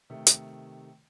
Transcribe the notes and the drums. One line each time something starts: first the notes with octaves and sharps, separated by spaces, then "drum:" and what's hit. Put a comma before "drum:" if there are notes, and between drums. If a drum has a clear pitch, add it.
C3 D#3 A3
drum: hi-hat